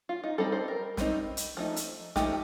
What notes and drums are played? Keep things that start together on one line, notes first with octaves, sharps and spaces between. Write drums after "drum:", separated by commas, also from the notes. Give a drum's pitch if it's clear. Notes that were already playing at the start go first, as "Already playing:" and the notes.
F4
D#4
G3 C4 D#4 A4
C5
A#4
G3 C4 D#4, drum: snare
drum: hi-hat
F3 A3 D#4
drum: hi-hat
F3 A3 D#4 G4, drum: snare